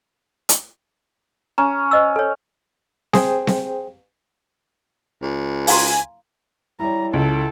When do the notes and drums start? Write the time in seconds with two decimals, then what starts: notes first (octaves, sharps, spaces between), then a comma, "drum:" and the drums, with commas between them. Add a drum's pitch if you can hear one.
0.49 drum: hi-hat
1.58 C#4 A#5
1.91 C5 D#5 E6
2.16 A4 C#5
3.13 G#4 C5 G5, drum: snare C4
3.47 drum: snare C4
5.22 C#2
5.67 F5 G#5 A#5 C6, drum: open hi-hat
6.80 G3 E4 C#5 A#5
7.13 C#2 A4